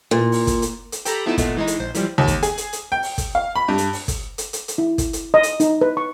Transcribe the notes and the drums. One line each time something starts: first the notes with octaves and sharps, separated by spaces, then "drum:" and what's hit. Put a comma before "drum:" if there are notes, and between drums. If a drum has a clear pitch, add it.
A#2
drum: open hi-hat
drum: kick, hi-hat
drum: hi-hat
drum: hi-hat
G4 A4 A#5 B5, drum: hi-hat
F3 A3 B3 D#4 E4
A#2 G#3 A3 B3, drum: kick, hi-hat
E3 G#3 D#4
drum: hi-hat
A#1 C5
E3 F3 G3, drum: hi-hat
D#2
drum: kick, hi-hat
G#4, drum: hi-hat
drum: hi-hat
drum: hi-hat
G5
drum: open hi-hat
drum: kick, hi-hat
F5
B5
G2
drum: hi-hat
drum: open hi-hat
drum: kick, hi-hat
drum: hi-hat
drum: hi-hat
drum: hi-hat
E4
drum: kick, hi-hat
drum: hi-hat
D#5
drum: hi-hat
D#4, drum: hi-hat
B4
C#6